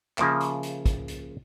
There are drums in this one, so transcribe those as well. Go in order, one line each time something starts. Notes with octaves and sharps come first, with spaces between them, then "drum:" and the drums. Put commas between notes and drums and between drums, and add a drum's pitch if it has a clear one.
C#3 F3 A#3 E5, drum: clap
drum: hi-hat
drum: hi-hat
drum: kick, hi-hat
drum: hi-hat